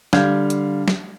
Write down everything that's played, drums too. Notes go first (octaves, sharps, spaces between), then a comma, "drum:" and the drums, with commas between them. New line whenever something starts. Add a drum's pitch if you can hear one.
D3 G3 F5 F6 G6 G#6, drum: snare
drum: hi-hat
drum: snare